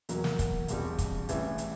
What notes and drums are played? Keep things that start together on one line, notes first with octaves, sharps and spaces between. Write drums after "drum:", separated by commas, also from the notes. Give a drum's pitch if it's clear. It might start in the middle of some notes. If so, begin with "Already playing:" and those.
E2 B2 F#3 A#3, drum: hi-hat
drum: snare
drum: kick, hi-hat
E1 E2 B2 G3 C4, drum: hi-hat
drum: kick, hi-hat
A1 A2 E3 G3, drum: hi-hat
drum: hi-hat